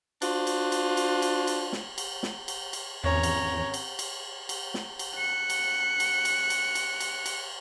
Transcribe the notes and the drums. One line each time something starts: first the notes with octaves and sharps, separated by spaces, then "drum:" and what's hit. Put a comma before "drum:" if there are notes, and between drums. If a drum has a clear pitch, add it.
D4 F4 F#4 C5, drum: cymbal
drum: cymbal
drum: cymbal
drum: cymbal
drum: cymbal
drum: cymbal
drum: snare
drum: cymbal
drum: snare
drum: cymbal
drum: cymbal
G#1 E2 C#4 C#5 A#5
drum: cymbal
drum: cymbal
drum: cymbal
drum: cymbal
drum: snare
drum: cymbal
F#6 C#7
drum: cymbal
drum: cymbal
drum: cymbal
drum: cymbal
drum: cymbal
drum: cymbal
drum: cymbal